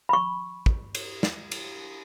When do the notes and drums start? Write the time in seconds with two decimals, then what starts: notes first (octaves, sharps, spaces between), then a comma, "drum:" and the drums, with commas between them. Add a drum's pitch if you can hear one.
0.09 B5 C#6
0.66 drum: kick
0.95 drum: cymbal
1.23 drum: snare
1.51 drum: cymbal